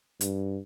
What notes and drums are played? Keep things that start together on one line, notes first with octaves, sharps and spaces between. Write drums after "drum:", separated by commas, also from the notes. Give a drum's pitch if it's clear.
G2, drum: hi-hat